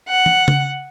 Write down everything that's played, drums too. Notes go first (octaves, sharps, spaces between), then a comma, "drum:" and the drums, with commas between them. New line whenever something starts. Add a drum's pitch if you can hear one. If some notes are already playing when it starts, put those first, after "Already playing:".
F#5
drum: tom
drum: tom C#3